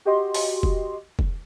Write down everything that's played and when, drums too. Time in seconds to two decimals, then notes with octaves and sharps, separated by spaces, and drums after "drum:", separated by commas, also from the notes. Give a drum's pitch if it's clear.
0.05 F#4 G4 D#5 C6
0.34 drum: open hi-hat
0.63 drum: kick
1.19 drum: kick